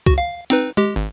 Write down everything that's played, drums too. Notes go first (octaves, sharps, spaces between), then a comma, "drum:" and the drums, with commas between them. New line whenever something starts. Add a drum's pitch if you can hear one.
F#4, drum: kick
F5
C4 D#4 B4, drum: hi-hat
G#3 G4
G#1